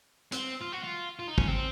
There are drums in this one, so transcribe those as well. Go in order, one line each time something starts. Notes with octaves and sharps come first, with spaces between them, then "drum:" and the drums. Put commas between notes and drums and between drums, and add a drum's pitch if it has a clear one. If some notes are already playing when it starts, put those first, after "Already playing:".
C4, drum: hi-hat
F4
F#4
F4
F4
D#4
C#4, drum: kick
C4